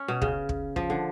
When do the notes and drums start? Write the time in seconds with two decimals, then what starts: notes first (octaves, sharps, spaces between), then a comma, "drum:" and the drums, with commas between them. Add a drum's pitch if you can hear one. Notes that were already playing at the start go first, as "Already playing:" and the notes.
Already playing: C#4
0.08 B2
0.22 C#3, drum: kick
0.49 drum: kick
0.76 F3, drum: kick
0.90 D3